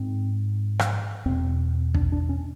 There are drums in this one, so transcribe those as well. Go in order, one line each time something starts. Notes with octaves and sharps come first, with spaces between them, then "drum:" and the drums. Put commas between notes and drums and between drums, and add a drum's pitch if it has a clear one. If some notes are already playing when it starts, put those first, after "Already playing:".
Already playing: G#2 C4
drum: rim click
E2 B2 C4
D4, drum: kick
D4
C#4